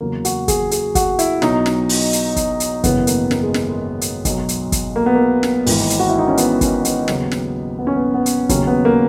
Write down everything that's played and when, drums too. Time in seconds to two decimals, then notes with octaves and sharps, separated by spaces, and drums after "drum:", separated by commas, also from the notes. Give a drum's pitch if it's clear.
0.01 E2 C#3 F#3 A#3
0.25 F#4, drum: hi-hat
0.48 G#4, drum: kick, hi-hat
0.71 G#4, drum: hi-hat
0.95 F#4, drum: kick, hi-hat
1.19 E4, drum: hi-hat
1.42 B1 B2 F#3 D#4, drum: snare
1.66 drum: snare
1.89 drum: open hi-hat
2.13 drum: hi-hat
2.36 drum: kick, hi-hat
2.60 drum: hi-hat
2.84 G#1 F#2 C#3 E3 B3, drum: kick, hi-hat
3.07 A#3, drum: hi-hat
3.31 A#3, drum: snare
3.43 G#3
3.54 drum: snare
3.69 G#3
4.01 drum: hi-hat
4.25 B1 B2 F#3, drum: kick, hi-hat
4.49 drum: hi-hat
4.72 drum: kick, hi-hat
4.96 A#3
5.06 B3
5.15 A#3
5.43 drum: snare
5.66 G#1 G#2 E3, drum: open hi-hat
5.90 drum: hi-hat
5.99 F#4
6.09 E4
6.19 D#4
6.28 C#4
6.37 B3, drum: hi-hat
6.61 C#4, drum: kick, hi-hat
6.85 B3, drum: hi-hat
7.08 D#2 C#3 F#3, drum: snare
7.31 drum: snare
7.79 B3
7.87 C#4
7.96 B3
8.14 B3
8.26 drum: hi-hat
8.49 D#2 C#3 F#3 C#4, drum: kick, hi-hat
8.67 B3
8.85 A#3